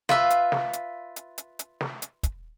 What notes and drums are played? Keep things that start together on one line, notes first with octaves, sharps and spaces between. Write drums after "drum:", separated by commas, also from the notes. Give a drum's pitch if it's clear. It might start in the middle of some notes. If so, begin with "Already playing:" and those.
F4 B4 E5 F5, drum: snare
drum: hi-hat
drum: snare
drum: hi-hat
drum: hi-hat
drum: hi-hat
drum: hi-hat
drum: snare
drum: hi-hat
drum: kick, hi-hat